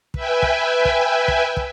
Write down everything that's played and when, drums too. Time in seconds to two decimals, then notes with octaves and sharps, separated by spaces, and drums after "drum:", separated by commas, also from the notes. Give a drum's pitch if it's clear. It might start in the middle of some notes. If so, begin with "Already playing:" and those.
0.14 B4 E5 G5 G#5, drum: kick
0.42 drum: kick
0.85 drum: kick
1.28 drum: kick
1.57 drum: kick